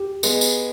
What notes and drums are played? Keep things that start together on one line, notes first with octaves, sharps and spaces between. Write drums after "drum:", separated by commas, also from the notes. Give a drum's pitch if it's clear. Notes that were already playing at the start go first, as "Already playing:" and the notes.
Already playing: G4
G#3 B3 G#4, drum: tambourine
drum: tambourine